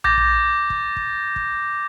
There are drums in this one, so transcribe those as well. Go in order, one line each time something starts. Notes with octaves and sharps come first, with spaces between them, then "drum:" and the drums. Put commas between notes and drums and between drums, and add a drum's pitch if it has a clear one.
D6 G6 A6 A#6, drum: tom A#1
drum: kick
drum: kick
drum: kick
drum: kick